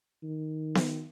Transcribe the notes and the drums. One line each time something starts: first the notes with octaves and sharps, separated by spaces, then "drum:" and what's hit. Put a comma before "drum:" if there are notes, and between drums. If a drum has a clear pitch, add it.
D#3
drum: snare B3